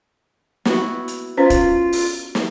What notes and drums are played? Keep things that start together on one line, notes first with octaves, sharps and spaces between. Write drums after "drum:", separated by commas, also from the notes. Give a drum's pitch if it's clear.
B3 E4 F#4, drum: snare
drum: hi-hat
C#4 F4 B4 C5
drum: kick, hi-hat
drum: open hi-hat
drum: snare